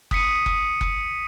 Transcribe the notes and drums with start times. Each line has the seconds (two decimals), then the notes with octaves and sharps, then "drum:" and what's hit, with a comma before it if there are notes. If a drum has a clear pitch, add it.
0.11 D#6 B6 C#7 D#7, drum: kick F#1
0.46 drum: kick F#1
0.81 drum: kick F#1